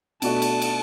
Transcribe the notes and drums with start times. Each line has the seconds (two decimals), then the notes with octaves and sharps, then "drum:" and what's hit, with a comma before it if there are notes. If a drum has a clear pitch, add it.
0.22 B2 A3 D4 F#4 A5, drum: cymbal
0.42 drum: cymbal
0.62 drum: cymbal